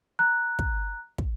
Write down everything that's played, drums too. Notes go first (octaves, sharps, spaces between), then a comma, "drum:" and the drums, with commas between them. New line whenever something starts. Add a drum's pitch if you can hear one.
A#5 F#6
drum: kick
drum: kick